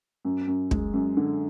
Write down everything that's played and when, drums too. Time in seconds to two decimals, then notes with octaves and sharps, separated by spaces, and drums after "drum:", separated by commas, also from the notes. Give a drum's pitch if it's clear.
0.25 F#2
0.47 F#2
0.71 G#3, drum: kick
0.93 F#2
1.17 D3